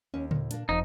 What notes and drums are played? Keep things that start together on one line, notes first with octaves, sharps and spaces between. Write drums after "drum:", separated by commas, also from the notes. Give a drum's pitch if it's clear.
D#2 C#4
A#2, drum: tom C#3
A#3 D4, drum: hi-hat
F#1 F2 D#4